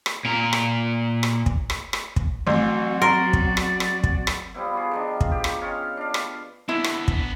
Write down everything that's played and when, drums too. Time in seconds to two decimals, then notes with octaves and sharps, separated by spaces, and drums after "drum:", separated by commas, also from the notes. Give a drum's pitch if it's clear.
0.06 drum: rim click
0.25 A#2 A#4
0.53 drum: rim click
1.23 drum: rim click
1.46 drum: kick
1.70 drum: rim click
1.93 drum: rim click
2.16 drum: kick
2.47 A1 F#3 C4 F#4
3.02 A#4 D5 C6
3.33 drum: kick
3.57 drum: rim click
3.80 drum: rim click
4.04 drum: kick
4.27 drum: rim click
4.54 F3 G3 B3 E4
4.74 F#4 G#4
4.91 D#3 F3 D4
5.21 drum: kick
5.32 G4
5.44 drum: rim click
5.61 C#4 F4 C#5 D#5
5.97 D4 F5
6.14 drum: rim click
6.69 B3 D4 E4
6.84 drum: rim click
7.08 drum: kick